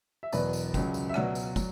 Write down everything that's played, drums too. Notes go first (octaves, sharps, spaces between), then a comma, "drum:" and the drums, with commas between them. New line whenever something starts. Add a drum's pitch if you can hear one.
E5
E1 E2 B2 F#3 B4 D5, drum: tambourine
drum: tambourine
C#2 C#3 F#3, drum: kick, tambourine
drum: tambourine
E5
C#2 B2 F#3 D5 F#5, drum: rim click
drum: tambourine
F#3, drum: kick, tambourine